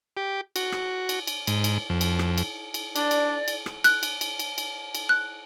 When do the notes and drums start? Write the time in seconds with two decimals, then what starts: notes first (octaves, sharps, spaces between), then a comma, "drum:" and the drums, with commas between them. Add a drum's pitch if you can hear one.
0.17 G4
0.56 F#4, drum: cymbal
0.72 drum: rim click
1.09 drum: cymbal
1.27 drum: cymbal
1.47 G#2, drum: cymbal
1.64 drum: cymbal
1.90 F2
2.01 drum: cymbal
2.19 drum: rim click
2.38 drum: cymbal
2.74 drum: cymbal
2.96 D4 D5, drum: cymbal
3.11 drum: cymbal
3.48 drum: cymbal
3.66 drum: rim click
3.84 F#6, drum: cymbal
4.03 drum: cymbal
4.21 drum: cymbal
4.39 drum: cymbal
4.58 drum: cymbal
4.95 drum: cymbal
5.09 F#6